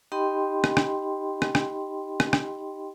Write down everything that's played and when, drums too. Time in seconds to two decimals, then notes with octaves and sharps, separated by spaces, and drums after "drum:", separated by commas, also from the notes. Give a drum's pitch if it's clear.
0.12 D#4 G4 D#5 G5 B5 C6
0.64 drum: rim click
0.77 drum: rim click
1.42 drum: rim click
1.55 drum: rim click
2.20 drum: rim click
2.33 drum: rim click